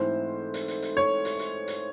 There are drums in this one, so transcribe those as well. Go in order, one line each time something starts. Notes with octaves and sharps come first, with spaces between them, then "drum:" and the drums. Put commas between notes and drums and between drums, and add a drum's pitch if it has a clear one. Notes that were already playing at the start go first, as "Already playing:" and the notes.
Already playing: G#2 E3 A3 C4 E4 C5
drum: hi-hat
drum: hi-hat
drum: hi-hat
C#5
drum: hi-hat
drum: hi-hat
drum: hi-hat